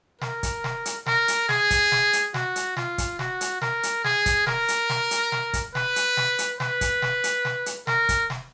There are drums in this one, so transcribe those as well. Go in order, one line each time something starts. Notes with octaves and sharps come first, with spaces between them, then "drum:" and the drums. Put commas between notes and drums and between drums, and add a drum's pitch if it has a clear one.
A#4, drum: snare
drum: kick, hi-hat
drum: snare
drum: hi-hat
A#4, drum: snare
drum: hi-hat
G#4, drum: snare
drum: kick, hi-hat
drum: snare
drum: hi-hat
F#4, drum: snare
drum: hi-hat
F4, drum: snare
drum: kick, hi-hat
F#4, drum: snare
drum: hi-hat
A#4, drum: snare
drum: hi-hat
G#4, drum: snare
drum: kick, hi-hat
A#4, drum: snare
drum: hi-hat
drum: snare
drum: hi-hat
drum: snare
drum: kick, hi-hat
B4, drum: snare
drum: hi-hat
drum: snare
drum: hi-hat
B4, drum: snare
drum: kick, hi-hat
drum: snare
drum: hi-hat
drum: snare
drum: hi-hat
A#4, drum: snare
drum: kick, hi-hat
drum: snare